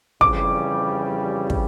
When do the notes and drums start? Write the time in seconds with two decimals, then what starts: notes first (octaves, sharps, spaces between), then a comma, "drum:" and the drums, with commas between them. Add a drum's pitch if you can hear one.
0.21 F2 C#3 E3 G3 D6, drum: kick
1.50 drum: kick